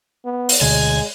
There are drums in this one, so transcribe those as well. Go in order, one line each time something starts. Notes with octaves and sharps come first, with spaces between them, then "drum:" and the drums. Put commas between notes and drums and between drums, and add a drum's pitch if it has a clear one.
B3
drum: open hi-hat
D2 B2 D3 G#3 G#5